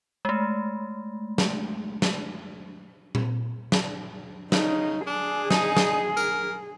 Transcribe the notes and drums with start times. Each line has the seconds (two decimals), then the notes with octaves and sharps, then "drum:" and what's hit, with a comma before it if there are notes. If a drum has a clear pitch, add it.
0.25 G#3 A3
1.38 drum: snare
2.02 drum: snare
3.15 drum: tom A#2
3.72 drum: snare
4.52 C#3 D#4, drum: snare
5.07 D4 G#4
5.51 D#4, drum: snare
5.77 drum: snare
6.17 A#4, drum: tambourine